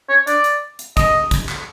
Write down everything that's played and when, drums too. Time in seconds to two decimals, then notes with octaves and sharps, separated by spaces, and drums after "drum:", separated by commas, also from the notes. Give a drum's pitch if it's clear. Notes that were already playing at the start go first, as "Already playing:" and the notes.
0.09 C#5
0.27 D5, drum: hi-hat
0.44 drum: hi-hat
0.79 drum: hi-hat
0.97 D#5, drum: kick, hi-hat
1.31 drum: kick, hi-hat
1.49 drum: clap